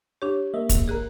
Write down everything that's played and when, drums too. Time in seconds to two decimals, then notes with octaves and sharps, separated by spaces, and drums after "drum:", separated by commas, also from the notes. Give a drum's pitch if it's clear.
0.22 D4 G4 C#5
0.54 A#3 D#5 E5
0.69 drum: kick, hi-hat
0.88 G#1 G#4 A#4 F#6